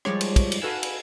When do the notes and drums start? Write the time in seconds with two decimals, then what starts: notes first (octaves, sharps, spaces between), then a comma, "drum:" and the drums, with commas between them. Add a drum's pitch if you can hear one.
0.05 F3 G3 G#3 C#5 D5, drum: rim click
0.21 drum: cymbal
0.36 drum: kick, cymbal
0.52 drum: cymbal
0.61 F#4 A4 B4 F5 G#5 E6
0.83 drum: cymbal